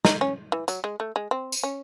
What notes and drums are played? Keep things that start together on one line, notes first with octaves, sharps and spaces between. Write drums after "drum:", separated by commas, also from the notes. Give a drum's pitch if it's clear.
D#4, drum: snare
C#4
E3
F#3, drum: tambourine
G#3
A3
G#3
C4
drum: tambourine
C#4